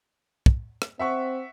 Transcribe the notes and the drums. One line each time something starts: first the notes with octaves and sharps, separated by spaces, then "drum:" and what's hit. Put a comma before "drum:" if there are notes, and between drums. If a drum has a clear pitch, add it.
drum: kick
drum: rim click
C4 E5 F#5 C#6